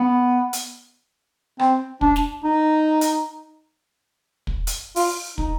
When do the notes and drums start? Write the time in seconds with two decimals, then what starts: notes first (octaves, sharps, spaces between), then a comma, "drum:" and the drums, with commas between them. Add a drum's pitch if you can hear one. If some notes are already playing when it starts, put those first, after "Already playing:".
Already playing: B3
0.53 drum: hi-hat
1.59 C4, drum: rim click
2.01 D4, drum: kick
2.16 drum: snare
2.44 D#4
3.01 drum: hi-hat
4.47 drum: kick
4.67 drum: hi-hat
4.96 F4, drum: open hi-hat
5.38 D#4, drum: kick